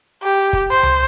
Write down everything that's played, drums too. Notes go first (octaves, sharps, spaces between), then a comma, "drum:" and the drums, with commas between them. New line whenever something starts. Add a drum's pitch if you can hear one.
G4
drum: kick
C5
drum: tom C#2